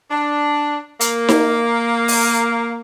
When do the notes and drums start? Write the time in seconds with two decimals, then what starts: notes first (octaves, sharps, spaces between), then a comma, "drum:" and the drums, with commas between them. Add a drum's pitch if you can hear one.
0.11 D4
1.01 A#3, drum: hi-hat
1.29 drum: snare D#4
2.08 drum: open hi-hat